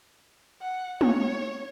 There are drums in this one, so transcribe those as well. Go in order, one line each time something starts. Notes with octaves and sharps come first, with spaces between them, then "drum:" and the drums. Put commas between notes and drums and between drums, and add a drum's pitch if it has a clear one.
F#5
C#5, drum: tom